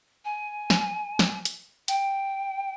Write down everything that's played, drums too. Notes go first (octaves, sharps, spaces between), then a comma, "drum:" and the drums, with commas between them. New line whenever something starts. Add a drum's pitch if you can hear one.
G#5
drum: snare
drum: snare
drum: hi-hat
G5, drum: hi-hat